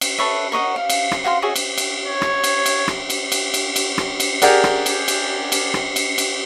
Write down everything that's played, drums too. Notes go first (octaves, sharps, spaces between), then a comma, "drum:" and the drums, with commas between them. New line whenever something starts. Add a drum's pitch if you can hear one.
drum: cymbal
A4 B4 C#5 E5
A#4 C#5 D#5 F#5
F5
drum: cymbal
drum: rim click
F#4 F5 G5 C6
F#4 G#4 C#5 E5
drum: cymbal
drum: cymbal
C#5
drum: rim click
drum: cymbal
drum: cymbal
drum: rim click
drum: cymbal
drum: cymbal
drum: cymbal
drum: cymbal
drum: rim click
drum: cymbal
G4 G#4 A#4 D5 F#5, drum: cymbal
drum: rim click
drum: cymbal
drum: cymbal
drum: cymbal
drum: rim click
drum: cymbal
drum: cymbal